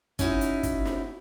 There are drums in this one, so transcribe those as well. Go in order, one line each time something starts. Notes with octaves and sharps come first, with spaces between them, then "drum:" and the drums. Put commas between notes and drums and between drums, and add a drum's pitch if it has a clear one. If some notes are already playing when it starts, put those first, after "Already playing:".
C#4 D#4 E4 F#4, drum: kick, hi-hat
drum: hi-hat
drum: kick, hi-hat
drum: snare